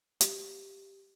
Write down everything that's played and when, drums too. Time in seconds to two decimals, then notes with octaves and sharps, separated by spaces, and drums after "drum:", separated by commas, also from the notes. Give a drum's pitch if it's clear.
0.21 G4, drum: hi-hat